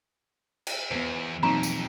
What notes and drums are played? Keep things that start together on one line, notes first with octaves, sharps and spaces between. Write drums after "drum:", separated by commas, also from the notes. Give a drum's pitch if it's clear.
drum: cymbal
E2 B3 B4
F2 B2 E3 F#3 C4 D#4 A#5 C#6
drum: tambourine